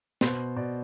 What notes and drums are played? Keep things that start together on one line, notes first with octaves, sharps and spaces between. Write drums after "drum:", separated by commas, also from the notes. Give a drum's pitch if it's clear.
B2 C5, drum: snare
B2 D5